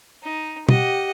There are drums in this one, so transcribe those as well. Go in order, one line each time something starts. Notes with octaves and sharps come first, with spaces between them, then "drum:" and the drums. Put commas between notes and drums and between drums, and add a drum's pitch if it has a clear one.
D#4
G4 D#5 F#5, drum: tom